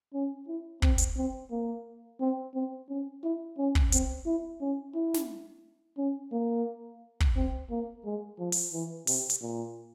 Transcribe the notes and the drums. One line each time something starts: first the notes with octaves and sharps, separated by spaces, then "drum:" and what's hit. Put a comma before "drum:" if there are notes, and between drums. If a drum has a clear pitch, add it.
C#4
E4
C4, drum: kick
drum: hi-hat
C4
A#3
C4
C4
C#4
E4
C#4
drum: kick
C4, drum: hi-hat
E4
C#4
E4
drum: snare
C#4
A#3
drum: kick
C4
A#3
G#3
F3
drum: open hi-hat
E3
C3, drum: open hi-hat
drum: hi-hat
A#2